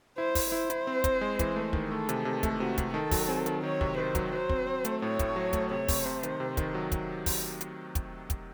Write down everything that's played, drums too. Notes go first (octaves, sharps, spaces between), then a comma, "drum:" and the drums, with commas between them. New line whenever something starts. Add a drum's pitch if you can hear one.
E4 C5
E4, drum: kick, open hi-hat
E4 C5
E4, drum: hi-hat
C4
C4, drum: kick, hi-hat
G#3
E3, drum: kick, hi-hat
A3
D#3, drum: kick
A3 A4
C3, drum: hi-hat
C3
A3, drum: kick, hi-hat
C3 F#4
C3, drum: kick, hi-hat
D#3 A4
F#3, drum: kick, open hi-hat
C4
D#3, drum: hi-hat
D#3 C#5
C3, drum: kick
D#3 C5
F#3, drum: kick, hi-hat
F#3 C5
C4, drum: kick
C4
A3, drum: hi-hat
A2 C#5
A2, drum: kick, hi-hat
F#3
A3, drum: kick, hi-hat
C3 C#5
C3, drum: kick, open hi-hat
C3 C5
D#3, drum: hi-hat
C3
D#3, drum: kick, hi-hat
F#3
drum: kick, hi-hat
drum: kick, open hi-hat
drum: hi-hat
drum: kick, hi-hat
drum: kick, hi-hat